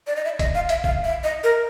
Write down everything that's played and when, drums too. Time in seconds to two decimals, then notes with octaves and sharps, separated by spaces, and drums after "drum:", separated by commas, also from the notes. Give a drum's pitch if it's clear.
0.07 D5
0.16 D#5
0.25 E5
0.39 D#5, drum: kick, hi-hat
0.55 F5
0.69 E5, drum: hi-hat
0.84 F5, drum: kick
1.04 E5
1.24 D#5
1.44 A#4